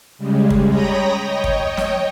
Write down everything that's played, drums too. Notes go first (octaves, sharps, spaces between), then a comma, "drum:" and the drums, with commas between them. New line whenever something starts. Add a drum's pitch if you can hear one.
C#3 G3 G#3
drum: kick
C#5 G5 A#5 B5 D#6 A#6
C#5 D#5 G5
drum: kick
drum: snare